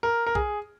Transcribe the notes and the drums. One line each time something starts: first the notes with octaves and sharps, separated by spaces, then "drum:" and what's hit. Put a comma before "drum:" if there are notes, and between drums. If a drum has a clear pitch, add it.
A#4
A#4
G#4, drum: kick B1